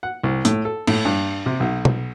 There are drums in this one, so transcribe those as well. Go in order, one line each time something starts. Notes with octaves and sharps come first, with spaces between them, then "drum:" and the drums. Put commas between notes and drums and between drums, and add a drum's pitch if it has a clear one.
F#5
C2
A2, drum: hi-hat
A4
A2, drum: cymbal
G2
C3
B1
drum: tom B2